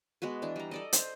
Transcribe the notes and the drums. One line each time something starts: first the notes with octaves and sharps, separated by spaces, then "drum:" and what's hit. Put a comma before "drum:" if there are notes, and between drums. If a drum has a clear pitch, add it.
G#3 B3 F#4 B4
E3 D4
G3 A#5
A4 D5 D#5
C5, drum: hi-hat